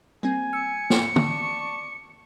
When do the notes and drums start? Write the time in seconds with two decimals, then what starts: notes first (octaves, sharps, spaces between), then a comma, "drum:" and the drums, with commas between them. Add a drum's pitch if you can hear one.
0.23 G3 A#3 C4 G#5
0.53 E6 C#7
0.90 drum: snare
1.16 D5 A5 C#6, drum: tom